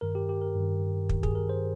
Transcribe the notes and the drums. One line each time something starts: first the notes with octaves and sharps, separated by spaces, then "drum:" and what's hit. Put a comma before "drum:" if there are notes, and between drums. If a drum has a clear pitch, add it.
G2 D#3 A#4
G4
G4
A#4
G2 D#3
G2 D#3, drum: kick
G#4, drum: kick
A#4
C5